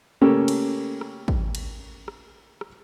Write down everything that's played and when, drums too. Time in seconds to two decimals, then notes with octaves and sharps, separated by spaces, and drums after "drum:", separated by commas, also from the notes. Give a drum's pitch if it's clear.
0.21 C#3 A3 A#3 C#4 G4 A4
0.48 drum: cymbal
1.01 drum: rim click
1.28 drum: kick
1.55 drum: cymbal
2.08 drum: rim click
2.61 drum: rim click